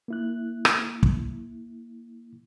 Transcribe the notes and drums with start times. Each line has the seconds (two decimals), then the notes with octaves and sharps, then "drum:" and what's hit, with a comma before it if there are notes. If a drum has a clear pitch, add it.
0.08 A#3 E4 F#6
0.65 drum: rim click
1.03 drum: kick